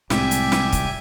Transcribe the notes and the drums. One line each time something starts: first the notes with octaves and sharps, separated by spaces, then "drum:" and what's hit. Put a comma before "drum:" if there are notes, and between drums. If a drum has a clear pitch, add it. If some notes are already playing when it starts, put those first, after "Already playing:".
C2 A2 G#3 C4 G4 D5 E5 G#5, drum: snare
drum: hi-hat
drum: snare
drum: kick, hi-hat